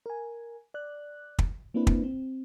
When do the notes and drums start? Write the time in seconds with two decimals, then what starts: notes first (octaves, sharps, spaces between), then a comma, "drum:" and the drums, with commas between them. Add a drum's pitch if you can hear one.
0.06 A#4 G#5
0.74 D5 F#6
1.39 drum: kick
1.74 A#3 C4 D4 E4 B4
1.87 drum: kick
2.04 C4